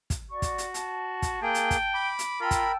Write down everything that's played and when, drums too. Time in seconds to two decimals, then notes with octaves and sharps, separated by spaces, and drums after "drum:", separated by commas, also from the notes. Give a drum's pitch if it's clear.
0.10 drum: kick, hi-hat
0.30 F#4 D5 C#6
0.42 drum: kick, hi-hat
0.58 drum: hi-hat
0.74 A5, drum: hi-hat
1.22 drum: kick, hi-hat
1.42 A#3 G#4 G5
1.54 drum: hi-hat
1.71 drum: kick, hi-hat
1.94 B5 D6
2.19 drum: hi-hat
2.41 F4 A#4 G5 A5 B5 E6
2.51 drum: kick, hi-hat